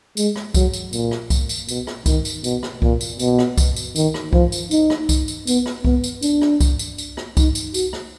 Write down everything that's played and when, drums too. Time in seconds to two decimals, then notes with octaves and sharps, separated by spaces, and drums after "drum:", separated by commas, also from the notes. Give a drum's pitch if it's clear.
0.17 G#3, drum: tambourine
0.36 drum: rim click
0.54 F#3, drum: kick C2, tambourine
0.74 drum: tambourine
0.93 A#2, drum: tambourine
1.11 drum: rim click
1.30 drum: kick C2, tambourine
1.49 drum: tambourine
1.69 B2, drum: tambourine
1.87 drum: rim click
2.06 D#3, drum: kick C2, tambourine
2.25 drum: tambourine
2.44 B2, drum: tambourine
2.63 drum: rim click
2.82 A#2, drum: kick C2
3.01 drum: tambourine
3.19 B2, drum: tambourine
3.39 drum: rim click
3.58 drum: kick C2, tambourine
3.76 drum: tambourine
3.96 D#3, drum: tambourine
4.14 drum: rim click
4.33 F3, drum: kick C2
4.52 drum: tambourine
4.71 D#4, drum: tambourine
4.90 drum: rim click
5.09 drum: kick C2, tambourine
5.28 drum: tambourine
5.47 B3, drum: tambourine
5.66 drum: rim click
5.85 B3, drum: kick C2
6.04 drum: tambourine
6.22 D4, drum: tambourine
6.42 drum: rim click
6.60 drum: kick C2, tambourine
6.79 drum: tambourine
6.98 drum: tambourine
7.17 drum: rim click
7.37 D#4, drum: kick C2, tambourine
7.55 drum: tambourine
7.74 F#4, drum: tambourine
7.93 drum: rim click